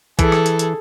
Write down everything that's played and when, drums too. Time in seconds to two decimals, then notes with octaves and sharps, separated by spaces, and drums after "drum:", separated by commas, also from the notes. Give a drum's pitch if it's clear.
0.19 E3 G#4 A4, drum: kick A#1, hi-hat
0.32 drum: rim click
0.46 drum: hi-hat
0.59 drum: hi-hat